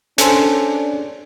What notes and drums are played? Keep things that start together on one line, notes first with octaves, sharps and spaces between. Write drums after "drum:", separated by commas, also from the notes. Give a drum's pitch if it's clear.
C#4 D4 A4 C5, drum: hi-hat